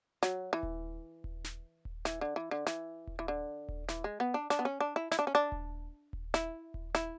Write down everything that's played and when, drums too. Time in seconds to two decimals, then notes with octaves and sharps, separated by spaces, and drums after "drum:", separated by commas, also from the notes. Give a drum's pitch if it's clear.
0.23 F#3, drum: snare
0.53 E3
0.63 drum: kick D#1
1.24 drum: kick D#1
1.44 drum: snare
1.85 drum: kick D#1
2.05 E3, drum: snare
2.21 D3
2.36 E3
2.51 D3
2.67 E3, drum: snare
3.07 drum: kick D#1
3.19 E3
3.28 D3
3.69 drum: kick D#1
3.89 E3, drum: snare
4.04 G#3
4.20 B3
4.34 D4
4.50 D4, drum: snare
4.59 B3
4.65 C#4
4.80 D4
4.96 E4
5.12 E4, drum: snare
5.19 D4
5.27 C#4
5.35 D4
5.52 drum: kick D#1
6.13 drum: kick D#1
6.34 E4, drum: snare
6.74 drum: kick D#1
6.95 E4, drum: snare